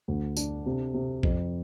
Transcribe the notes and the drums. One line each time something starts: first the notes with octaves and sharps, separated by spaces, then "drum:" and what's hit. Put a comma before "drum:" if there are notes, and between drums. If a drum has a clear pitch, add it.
D2
D4, drum: tambourine
C3
C3
F2, drum: kick